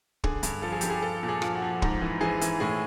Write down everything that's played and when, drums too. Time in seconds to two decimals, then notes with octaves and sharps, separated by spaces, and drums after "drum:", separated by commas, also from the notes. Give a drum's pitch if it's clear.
0.24 D3 G#4, drum: kick
0.43 G2, drum: hi-hat
0.62 F3 A4
0.72 G#4
0.81 G2 G4, drum: hi-hat
0.90 G#4
1.02 F3 A4
1.23 A#2
1.28 G#4
1.42 F3, drum: rim click
1.55 F#4
1.62 F3
1.82 G#2, drum: kick
2.02 E3
2.21 E3 G#4
2.41 E3, drum: hi-hat
2.60 A2 G#4